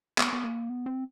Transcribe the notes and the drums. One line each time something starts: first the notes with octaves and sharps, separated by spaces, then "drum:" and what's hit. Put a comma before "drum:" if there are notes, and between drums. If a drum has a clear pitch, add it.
B3, drum: clap
B3
A#3
B3
C4